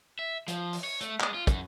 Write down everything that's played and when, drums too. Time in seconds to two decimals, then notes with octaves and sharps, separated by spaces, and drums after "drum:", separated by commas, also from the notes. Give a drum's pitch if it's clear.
0.19 E5
0.48 F3, drum: hi-hat
0.73 drum: open hi-hat
0.84 C#5
1.01 A3, drum: hi-hat
1.21 G#3, drum: clap
1.34 F4
1.47 F#2, drum: kick, hi-hat